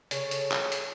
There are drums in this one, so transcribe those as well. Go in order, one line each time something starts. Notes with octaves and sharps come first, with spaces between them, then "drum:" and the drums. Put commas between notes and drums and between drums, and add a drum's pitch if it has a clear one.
C#3 A4 C#5, drum: hi-hat
drum: hi-hat
drum: clap
drum: hi-hat